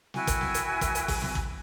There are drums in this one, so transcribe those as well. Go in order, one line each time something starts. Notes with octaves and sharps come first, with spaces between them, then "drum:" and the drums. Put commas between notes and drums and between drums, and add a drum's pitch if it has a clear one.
E4 F#4 G5 G#5, drum: snare
drum: kick, hi-hat
drum: snare
drum: hi-hat
drum: kick, hi-hat
drum: hi-hat
drum: kick, open hi-hat
drum: snare
drum: kick